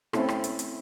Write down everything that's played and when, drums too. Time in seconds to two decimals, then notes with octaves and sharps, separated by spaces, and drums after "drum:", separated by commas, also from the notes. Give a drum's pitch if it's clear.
0.13 A3 C4 C#4 E4 A4, drum: rim click
0.28 drum: rim click
0.44 drum: hi-hat
0.59 drum: hi-hat